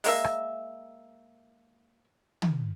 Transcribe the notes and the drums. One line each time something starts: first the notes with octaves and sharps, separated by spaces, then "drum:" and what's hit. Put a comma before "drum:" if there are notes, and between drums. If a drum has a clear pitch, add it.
G#3 A#3 E5, drum: open hi-hat
drum: rim click
drum: tom